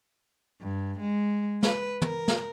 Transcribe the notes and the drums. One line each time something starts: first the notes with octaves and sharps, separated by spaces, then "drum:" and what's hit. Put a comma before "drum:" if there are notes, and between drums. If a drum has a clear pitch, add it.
G2
G#3
B4, drum: snare
A#4, drum: tom
drum: snare